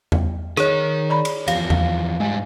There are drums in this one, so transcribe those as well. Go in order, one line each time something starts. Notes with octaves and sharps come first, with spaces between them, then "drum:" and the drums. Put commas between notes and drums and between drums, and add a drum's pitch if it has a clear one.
drum: tom E2
D#3 D#4 G#4 C#5, drum: rim click
D5 A#5 B5
drum: cymbal
E2 F3 G4 F5, drum: cymbal
drum: tom E2
G#2 G3 G#3 G#5